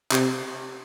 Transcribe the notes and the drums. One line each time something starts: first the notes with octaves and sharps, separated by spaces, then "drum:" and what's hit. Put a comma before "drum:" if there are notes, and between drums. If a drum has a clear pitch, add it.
C3, drum: clap